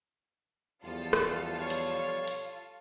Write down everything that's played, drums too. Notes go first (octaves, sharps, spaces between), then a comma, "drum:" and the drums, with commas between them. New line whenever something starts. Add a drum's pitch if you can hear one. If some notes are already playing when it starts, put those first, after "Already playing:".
E2 B2 F3 G3 F4 A4 F5
drum: rim click
C#5
drum: hi-hat
drum: hi-hat